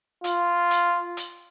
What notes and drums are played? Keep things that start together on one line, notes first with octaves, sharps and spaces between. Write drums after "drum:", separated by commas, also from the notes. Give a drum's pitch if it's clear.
F4, drum: hi-hat
drum: hi-hat
drum: hi-hat